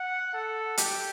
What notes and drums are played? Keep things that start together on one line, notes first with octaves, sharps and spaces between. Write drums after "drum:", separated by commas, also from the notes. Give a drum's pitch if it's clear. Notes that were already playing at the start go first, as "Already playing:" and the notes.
Already playing: F#5
A4
G4, drum: hi-hat